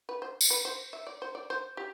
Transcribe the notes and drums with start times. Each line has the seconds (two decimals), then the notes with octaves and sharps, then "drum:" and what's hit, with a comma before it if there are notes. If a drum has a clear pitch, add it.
0.09 B4
0.22 C5
0.41 drum: tambourine
0.50 B4
0.65 C5
0.93 E5
1.07 D5
1.22 C5
1.35 D5
1.50 C5
1.77 G4